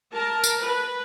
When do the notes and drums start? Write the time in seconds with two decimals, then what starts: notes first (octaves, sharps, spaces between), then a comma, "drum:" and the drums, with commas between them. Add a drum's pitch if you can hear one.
0.13 A#4 A5
0.44 drum: tambourine
0.62 B4